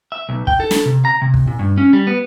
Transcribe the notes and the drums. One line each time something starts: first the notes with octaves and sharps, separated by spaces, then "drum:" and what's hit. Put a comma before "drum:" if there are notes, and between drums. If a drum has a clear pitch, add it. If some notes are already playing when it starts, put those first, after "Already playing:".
E5
B1
G5, drum: kick
A4
drum: snare
C3
A#5
C3
drum: kick
A#2
G2
C#4
G3
B3